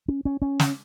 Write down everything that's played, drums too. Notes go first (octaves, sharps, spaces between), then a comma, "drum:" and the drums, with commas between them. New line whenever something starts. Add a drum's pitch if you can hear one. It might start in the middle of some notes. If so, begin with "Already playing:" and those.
C#4
C#4
C#4
drum: snare